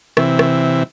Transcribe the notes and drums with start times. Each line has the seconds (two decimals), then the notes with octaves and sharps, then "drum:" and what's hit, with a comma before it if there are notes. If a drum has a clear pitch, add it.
0.17 C3 E3, drum: rim click
0.39 drum: rim click